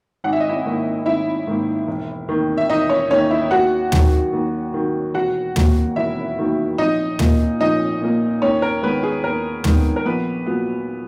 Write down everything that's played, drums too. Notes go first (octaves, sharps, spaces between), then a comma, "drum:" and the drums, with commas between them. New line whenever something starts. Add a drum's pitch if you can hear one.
G#1 F#5
E5
D#5
E4 E5
G#2 D#3 A#3
G#1 E4 E5
G#2 D#3 A#3
E1
D#2 D#3
E5
E1 D#4 D#5
C#4 C#5
D#2 D#3 C#4 C#5
E4 E5
D#2 F#4 F#5
D#3 F#3, drum: tom
D#2
D#3 F#3
E1 F#4 F#5
D#2 D#3 F#3 A#3, drum: tom
E1 E4 E5
D#2 D#3 F#3 A#3
A#1 D#4 D#5
A#2 A#3, drum: tom
A#1 D#4 D#5
A#2 A#3
D#2 C#4 C#5
A#4
D#3 G#3 B3 B4
G#4
D#2 A#4
D#3 G#3 B3, drum: tom
A#4
A#1 B3 B4
A#2 F#3 B3